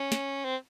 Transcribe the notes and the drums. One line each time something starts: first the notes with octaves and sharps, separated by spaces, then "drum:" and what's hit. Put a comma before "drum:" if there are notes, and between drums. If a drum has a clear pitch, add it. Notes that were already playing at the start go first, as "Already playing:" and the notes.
Already playing: C#4
drum: snare
C4